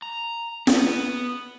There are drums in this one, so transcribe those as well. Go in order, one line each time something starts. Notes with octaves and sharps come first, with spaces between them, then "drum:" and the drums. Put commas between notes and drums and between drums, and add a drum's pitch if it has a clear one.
A#5
B3, drum: snare